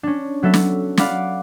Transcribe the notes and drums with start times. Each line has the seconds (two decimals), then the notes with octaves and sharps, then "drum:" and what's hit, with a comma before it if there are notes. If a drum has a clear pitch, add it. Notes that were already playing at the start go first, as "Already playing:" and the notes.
0.03 C#4 D4
0.43 F#3 B3 A4 E5
0.54 drum: snare
0.97 D5 F5 F#5 B5 D6, drum: snare